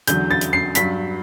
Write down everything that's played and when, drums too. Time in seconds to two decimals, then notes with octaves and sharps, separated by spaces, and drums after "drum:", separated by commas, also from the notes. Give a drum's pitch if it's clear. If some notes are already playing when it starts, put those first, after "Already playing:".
0.07 E2 D3 F#3 G6, drum: hi-hat
0.31 A6
0.41 drum: hi-hat
0.53 C7
0.75 G2 F#3 B6, drum: hi-hat